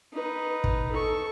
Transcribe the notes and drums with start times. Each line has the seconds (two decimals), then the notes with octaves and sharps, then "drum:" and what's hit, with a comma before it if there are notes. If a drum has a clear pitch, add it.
0.13 D#4 B4
0.64 drum: kick
0.92 A4 C#6